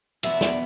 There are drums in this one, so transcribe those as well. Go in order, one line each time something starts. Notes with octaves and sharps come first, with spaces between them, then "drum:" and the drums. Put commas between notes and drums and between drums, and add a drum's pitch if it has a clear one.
E2 B2 B3 E5, drum: cymbal
D5, drum: snare